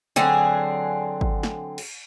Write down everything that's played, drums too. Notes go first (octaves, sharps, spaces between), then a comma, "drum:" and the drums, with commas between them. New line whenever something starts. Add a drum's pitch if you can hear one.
D3 F#3 C4 G#4, drum: snare
drum: kick
drum: snare
drum: cymbal